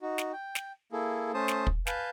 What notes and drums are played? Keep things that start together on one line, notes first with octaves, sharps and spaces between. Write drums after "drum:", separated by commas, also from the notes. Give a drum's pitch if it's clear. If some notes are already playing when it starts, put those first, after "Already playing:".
D#4 F#4
drum: snare
G5
drum: snare
A#3 E4 G#4 A4
A3 C#4 C5 A5 D#6
drum: snare
drum: kick
B4 F5 G#5 A5 G6, drum: snare